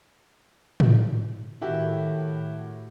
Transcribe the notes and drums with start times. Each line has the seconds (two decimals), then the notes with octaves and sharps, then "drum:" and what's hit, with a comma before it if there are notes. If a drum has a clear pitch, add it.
0.80 drum: tom
1.61 A2 D#3 E4 F#4 G4